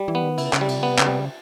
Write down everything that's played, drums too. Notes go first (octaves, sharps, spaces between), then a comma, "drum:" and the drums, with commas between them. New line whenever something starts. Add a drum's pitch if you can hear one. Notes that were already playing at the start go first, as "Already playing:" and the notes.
Already playing: G3
E3
B3
D#3
C#3 E4, drum: cymbal
C#3, drum: clap
G3
C3, drum: cymbal
C#3 B3
C3
C#3, drum: clap
C3 G3
C#3